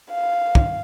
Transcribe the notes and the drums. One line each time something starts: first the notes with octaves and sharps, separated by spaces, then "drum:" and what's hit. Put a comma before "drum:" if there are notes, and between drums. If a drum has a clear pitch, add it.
F5
drum: kick